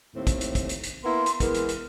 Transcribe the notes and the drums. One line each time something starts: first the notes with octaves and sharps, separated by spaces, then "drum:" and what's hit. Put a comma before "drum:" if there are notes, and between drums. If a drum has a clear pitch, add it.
D#2 A2 C4
drum: kick, hi-hat
drum: hi-hat
drum: kick, hi-hat
drum: hi-hat
drum: hi-hat
A#3 B3 E4 C6
drum: hi-hat
E3 G#3 B3 A#4, drum: kick, hi-hat
drum: hi-hat
drum: hi-hat